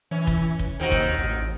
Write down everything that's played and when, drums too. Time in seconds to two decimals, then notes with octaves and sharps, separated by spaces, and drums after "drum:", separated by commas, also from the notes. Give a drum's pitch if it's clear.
0.11 E3 C#4
0.27 drum: kick
0.59 drum: kick
0.80 D#2 D#3 C4 F#4
0.92 drum: kick
1.17 A1